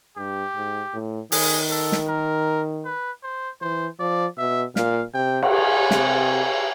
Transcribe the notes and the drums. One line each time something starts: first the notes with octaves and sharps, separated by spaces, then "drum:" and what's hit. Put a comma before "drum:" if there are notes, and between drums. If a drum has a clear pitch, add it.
G2 G4
G#2
A2
D#3 G#4, drum: open hi-hat
A4
drum: snare
A#4
B4
C5
E3 C5
F3 D5
B2 E5
A#2 F5, drum: snare
C3 G5
drum: cymbal
G#5
C3, drum: snare